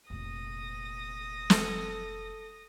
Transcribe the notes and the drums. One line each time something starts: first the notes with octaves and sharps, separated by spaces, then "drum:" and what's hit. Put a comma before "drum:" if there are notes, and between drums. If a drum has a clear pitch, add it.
F1 A#2 D#6 A#6
A4, drum: snare